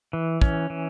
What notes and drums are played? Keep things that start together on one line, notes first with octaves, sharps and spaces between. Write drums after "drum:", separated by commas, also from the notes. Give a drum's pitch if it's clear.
E3
C#4, drum: kick
E3